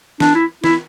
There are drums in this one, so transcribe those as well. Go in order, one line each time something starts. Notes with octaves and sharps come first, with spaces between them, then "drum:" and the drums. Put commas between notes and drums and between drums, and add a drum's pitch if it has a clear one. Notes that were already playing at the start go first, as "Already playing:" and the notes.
D4, drum: snare
E4
E4, drum: snare